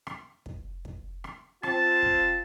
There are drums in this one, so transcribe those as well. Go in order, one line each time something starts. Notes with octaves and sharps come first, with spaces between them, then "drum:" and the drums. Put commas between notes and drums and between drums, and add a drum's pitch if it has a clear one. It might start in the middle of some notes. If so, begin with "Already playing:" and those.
drum: rim click
drum: kick
drum: kick
drum: rim click
C4 F4 A5, drum: rim click
drum: kick